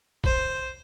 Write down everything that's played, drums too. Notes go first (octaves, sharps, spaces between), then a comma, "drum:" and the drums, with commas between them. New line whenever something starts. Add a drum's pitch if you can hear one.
C5, drum: kick